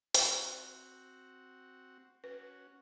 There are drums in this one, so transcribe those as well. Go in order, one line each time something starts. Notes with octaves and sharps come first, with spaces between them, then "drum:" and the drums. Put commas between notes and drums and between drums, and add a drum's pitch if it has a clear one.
C4 F#4, drum: hi-hat
C#4 F#4 B4